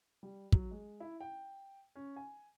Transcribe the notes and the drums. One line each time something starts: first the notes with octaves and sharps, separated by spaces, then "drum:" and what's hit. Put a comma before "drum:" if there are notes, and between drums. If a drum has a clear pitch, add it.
G3
F#3, drum: kick
G#3
E4
G5
C#4
G#5